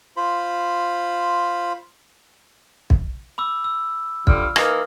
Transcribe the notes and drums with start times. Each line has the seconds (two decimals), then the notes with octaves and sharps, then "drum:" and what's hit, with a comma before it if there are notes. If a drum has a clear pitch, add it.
0.17 F4 C5 B5
2.90 drum: kick
3.38 B5 D6 E6
3.64 E6
4.27 D3 F3 G3 F6, drum: kick
4.56 E3 A#3 D#4, drum: rim click